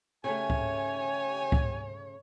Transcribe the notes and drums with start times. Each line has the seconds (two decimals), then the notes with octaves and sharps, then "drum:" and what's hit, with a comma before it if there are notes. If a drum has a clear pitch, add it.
0.24 C#3 A3 G4 C#5 G#5
0.50 drum: kick C#2
1.52 drum: kick C#2